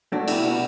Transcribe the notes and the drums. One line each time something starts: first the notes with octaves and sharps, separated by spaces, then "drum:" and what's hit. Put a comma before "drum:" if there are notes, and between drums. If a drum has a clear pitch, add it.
A3 D4 F#4
B2 E4 G4, drum: cymbal
B2 D4 F#4